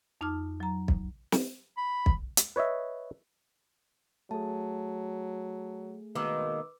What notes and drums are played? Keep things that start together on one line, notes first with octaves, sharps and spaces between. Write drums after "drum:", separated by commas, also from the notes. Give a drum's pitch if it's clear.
F2 D#4 A5 D6 F6
F#3 A#5
drum: kick
drum: snare
B5
drum: kick
drum: hi-hat
B4 C#5 D#5 E5
F#3 A3 G#4 A5
B2 D#3 G#3 A#3 B4 D6 E6